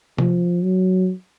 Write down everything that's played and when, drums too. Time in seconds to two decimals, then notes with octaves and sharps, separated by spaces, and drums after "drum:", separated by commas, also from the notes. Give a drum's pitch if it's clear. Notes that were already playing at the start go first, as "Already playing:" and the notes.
0.18 F3, drum: tom C3
0.64 F#3